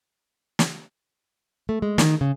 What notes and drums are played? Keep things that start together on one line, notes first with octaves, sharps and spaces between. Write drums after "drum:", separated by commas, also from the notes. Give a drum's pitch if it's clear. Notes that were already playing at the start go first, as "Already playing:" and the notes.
drum: snare
A3
G#3
D#3, drum: snare
C#3